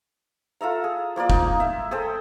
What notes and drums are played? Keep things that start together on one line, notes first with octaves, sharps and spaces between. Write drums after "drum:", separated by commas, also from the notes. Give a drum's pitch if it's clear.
F4 A4 E5 A#5
G#4
F3 A#3 F4 D5
D#4, drum: kick F1
E5
G#4 A4 C5 G5